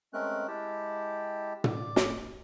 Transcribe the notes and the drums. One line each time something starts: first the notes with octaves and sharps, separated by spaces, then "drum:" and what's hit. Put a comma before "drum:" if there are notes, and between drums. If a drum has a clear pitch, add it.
G#3 A3 C4 C#4 A#4 F#6
G#3 E4 G4 G5 A5
D5 D6, drum: tom
drum: snare